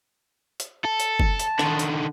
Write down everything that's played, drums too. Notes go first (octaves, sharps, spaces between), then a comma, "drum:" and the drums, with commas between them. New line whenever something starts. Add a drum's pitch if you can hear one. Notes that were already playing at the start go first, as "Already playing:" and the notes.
drum: hi-hat
A4 A5
drum: hi-hat
drum: kick
drum: hi-hat
D3 D#3, drum: rim click
drum: hi-hat